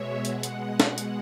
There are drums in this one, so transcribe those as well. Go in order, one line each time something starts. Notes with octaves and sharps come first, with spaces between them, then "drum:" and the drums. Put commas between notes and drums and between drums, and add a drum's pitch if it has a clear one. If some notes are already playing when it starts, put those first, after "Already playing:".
Already playing: B2 G#3 C#5 E5
B2 G#3 F#5, drum: hi-hat
drum: hi-hat
drum: snare
drum: hi-hat